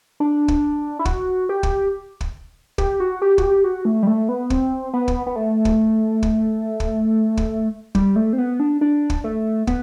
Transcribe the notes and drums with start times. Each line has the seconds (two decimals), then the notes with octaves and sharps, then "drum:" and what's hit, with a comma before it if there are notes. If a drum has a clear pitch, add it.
0.20 D4
0.48 drum: kick
0.99 E4
1.05 F#4, drum: kick
1.49 G4
1.63 drum: kick
2.21 drum: kick
2.78 G4, drum: kick
3.00 F#4
3.22 G4
3.38 F#4, drum: kick
3.43 G4
3.64 F#4
3.85 A3
4.03 G3
4.07 A3
4.29 B3
4.50 C4, drum: kick
4.94 B3
5.08 drum: kick
5.27 B3
5.36 A3
5.65 drum: kick
6.23 drum: kick
6.80 drum: kick
7.37 drum: kick
7.95 G3, drum: kick
8.16 A3
8.33 C4
8.38 B3
8.60 D4
8.81 D4
9.10 drum: kick
9.24 A3
9.67 B3, drum: kick